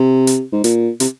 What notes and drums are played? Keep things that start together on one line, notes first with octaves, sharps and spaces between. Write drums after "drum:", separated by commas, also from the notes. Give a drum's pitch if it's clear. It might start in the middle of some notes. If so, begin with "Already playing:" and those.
Already playing: C3
drum: hi-hat
G#2
A#2, drum: hi-hat
C3, drum: hi-hat